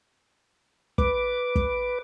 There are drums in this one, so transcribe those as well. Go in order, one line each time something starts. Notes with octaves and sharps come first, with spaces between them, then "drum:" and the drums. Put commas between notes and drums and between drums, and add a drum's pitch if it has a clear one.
B4 D6, drum: kick
drum: kick